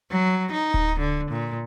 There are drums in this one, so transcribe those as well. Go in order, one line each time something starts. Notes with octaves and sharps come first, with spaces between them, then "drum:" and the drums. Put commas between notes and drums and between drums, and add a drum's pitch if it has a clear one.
F#3
D#4
drum: kick D1
D3
A#2